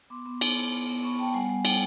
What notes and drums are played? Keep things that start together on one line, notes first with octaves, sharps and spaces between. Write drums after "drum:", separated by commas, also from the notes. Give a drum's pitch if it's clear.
B3 C6 D6
B3
B3, drum: cymbal
B3
B3
B3
B3 B5 C#6
B3 G5 A5
G3 F#5 G#5
G3
G3 G5, drum: cymbal